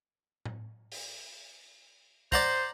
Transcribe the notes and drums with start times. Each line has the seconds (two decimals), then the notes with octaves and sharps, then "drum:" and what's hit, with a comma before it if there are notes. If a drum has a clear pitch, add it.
0.45 drum: tom A2
0.92 drum: open hi-hat
2.32 C5 D5 F#5 A#5, drum: kick